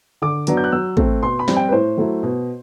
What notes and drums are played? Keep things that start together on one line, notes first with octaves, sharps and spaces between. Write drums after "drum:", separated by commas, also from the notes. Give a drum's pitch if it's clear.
D3 D6
F#3 B3 D4, drum: hi-hat
G6
F#6
F#3 E6
A3 C4, drum: kick
B2 C6
B5
G3 C4, drum: snare
G5
B4
A2 C5
F#3 A3 E4
B2